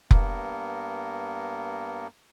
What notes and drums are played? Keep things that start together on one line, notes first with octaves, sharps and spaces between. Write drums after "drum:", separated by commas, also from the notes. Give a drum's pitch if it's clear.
G2 A#3 B3, drum: kick F1